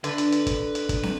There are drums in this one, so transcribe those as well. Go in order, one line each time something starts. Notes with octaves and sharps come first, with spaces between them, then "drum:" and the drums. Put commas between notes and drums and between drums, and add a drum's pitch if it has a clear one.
D3 B4, drum: hi-hat
drum: hi-hat
drum: hi-hat
drum: kick, hi-hat
drum: hi-hat
drum: kick, hi-hat
drum: snare